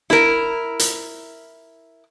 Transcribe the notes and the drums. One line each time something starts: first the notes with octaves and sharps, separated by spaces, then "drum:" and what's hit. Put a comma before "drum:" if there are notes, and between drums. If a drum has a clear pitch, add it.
E4 A#4, drum: snare
drum: hi-hat